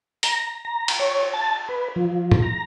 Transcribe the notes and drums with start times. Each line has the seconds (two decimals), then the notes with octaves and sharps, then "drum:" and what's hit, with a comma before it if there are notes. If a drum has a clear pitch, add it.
0.23 A#5, drum: hi-hat
0.65 A#5
0.88 drum: cymbal
0.99 C#5
1.33 A5
1.69 B4
1.96 F3
2.32 drum: tom
2.42 A#5